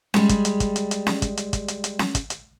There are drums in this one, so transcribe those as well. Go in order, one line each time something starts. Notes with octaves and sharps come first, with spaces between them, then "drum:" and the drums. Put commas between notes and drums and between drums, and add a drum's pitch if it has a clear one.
G3 G#3, drum: snare C#4
drum: kick, hi-hat
drum: hi-hat
drum: kick, hi-hat
drum: hi-hat
drum: hi-hat
drum: snare C#4
drum: kick, hi-hat
drum: hi-hat
drum: kick, hi-hat
drum: hi-hat
drum: hi-hat
drum: snare C#4
drum: kick, hi-hat
drum: hi-hat